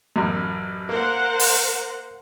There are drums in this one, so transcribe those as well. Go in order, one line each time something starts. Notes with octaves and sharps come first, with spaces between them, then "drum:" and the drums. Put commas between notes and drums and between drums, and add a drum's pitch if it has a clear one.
A1 F#2
A#3 A#4 C5 F#5
drum: open hi-hat